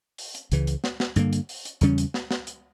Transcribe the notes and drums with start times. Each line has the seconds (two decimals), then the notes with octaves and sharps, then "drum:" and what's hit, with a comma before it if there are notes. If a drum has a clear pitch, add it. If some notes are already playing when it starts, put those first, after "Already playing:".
0.18 drum: open hi-hat
0.35 drum: hi-hat
0.52 C#2 C#3 E3, drum: hi-hat
0.67 drum: hi-hat
0.84 drum: snare
1.00 drum: snare
1.16 G2 D3 A#3, drum: hi-hat
1.33 drum: hi-hat
1.49 drum: open hi-hat
1.65 drum: hi-hat
1.81 E2 C#3 G3 C#4, drum: hi-hat
1.98 drum: hi-hat
2.14 drum: snare
2.31 drum: snare
2.47 drum: hi-hat